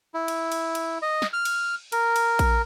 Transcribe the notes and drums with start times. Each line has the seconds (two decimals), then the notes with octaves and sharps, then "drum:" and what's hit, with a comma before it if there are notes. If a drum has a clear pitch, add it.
0.14 E4
0.28 drum: cymbal
0.52 drum: cymbal
0.75 drum: cymbal
1.02 D#5
1.22 drum: snare
1.33 F6
1.45 drum: cymbal
1.92 A#4, drum: cymbal
2.16 drum: cymbal
2.39 drum: kick A#1, cymbal